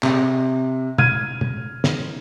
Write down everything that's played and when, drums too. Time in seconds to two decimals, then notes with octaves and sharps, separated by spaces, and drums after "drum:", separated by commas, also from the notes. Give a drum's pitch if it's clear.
0.03 C3, drum: clap
0.98 F6 G#6 D#7, drum: tom
1.41 drum: tom
1.84 drum: snare